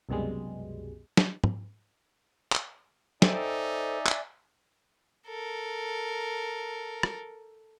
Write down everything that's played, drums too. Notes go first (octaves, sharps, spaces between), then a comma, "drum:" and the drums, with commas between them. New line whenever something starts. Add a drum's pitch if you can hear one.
C2 F#2 B2 G3 G#3
drum: snare
drum: tom
drum: clap
D#4 A4 C5 D5 E5 G5 G#5, drum: snare
drum: clap
A4 A#4
drum: rim click